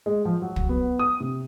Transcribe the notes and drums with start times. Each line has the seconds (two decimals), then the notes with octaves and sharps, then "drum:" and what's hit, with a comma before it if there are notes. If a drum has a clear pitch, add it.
0.06 G#3
0.25 F3
0.42 F#3
0.56 drum: kick
0.69 B3
0.99 D#6
1.20 C3